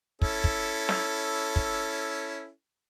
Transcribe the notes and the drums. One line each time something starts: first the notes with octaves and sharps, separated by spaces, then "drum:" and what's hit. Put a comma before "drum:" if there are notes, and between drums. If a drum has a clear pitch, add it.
C#4 E4 A4, drum: kick
drum: kick
drum: snare
drum: kick